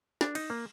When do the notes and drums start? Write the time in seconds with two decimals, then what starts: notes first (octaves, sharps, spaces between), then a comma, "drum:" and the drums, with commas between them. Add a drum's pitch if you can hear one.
0.21 D4, drum: snare
0.35 D#4, drum: cymbal
0.50 A#3